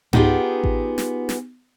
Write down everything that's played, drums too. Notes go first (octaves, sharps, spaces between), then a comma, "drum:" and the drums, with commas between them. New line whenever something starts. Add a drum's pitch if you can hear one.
B3 D#4 F4 G4 G#4, drum: tom G#2
drum: kick A1
drum: snare
drum: snare